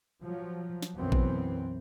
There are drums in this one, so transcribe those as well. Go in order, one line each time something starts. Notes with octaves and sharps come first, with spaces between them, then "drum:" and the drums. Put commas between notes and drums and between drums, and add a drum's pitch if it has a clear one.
F3 F#3
drum: snare
B1 F#2 E3 B3 C4
drum: kick A#1